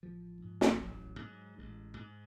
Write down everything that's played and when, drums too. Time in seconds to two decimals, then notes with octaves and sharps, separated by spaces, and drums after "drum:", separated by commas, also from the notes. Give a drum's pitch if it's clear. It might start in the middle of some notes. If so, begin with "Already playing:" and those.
0.03 A1 F3
0.42 G#2
0.61 drum: snare
0.81 A1 F#3
1.20 G#2
1.59 A1 G#3
1.98 G#2